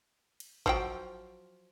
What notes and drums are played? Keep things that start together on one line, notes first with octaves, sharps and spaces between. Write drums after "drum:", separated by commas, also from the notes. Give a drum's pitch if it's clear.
drum: cymbal
F3 F#3 G5, drum: kick G#1